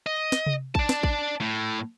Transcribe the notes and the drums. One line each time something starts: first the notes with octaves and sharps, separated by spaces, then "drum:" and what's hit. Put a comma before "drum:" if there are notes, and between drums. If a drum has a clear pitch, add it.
D#5
drum: snare
drum: tom C3
D5 A5, drum: kick
drum: snare
drum: kick
A2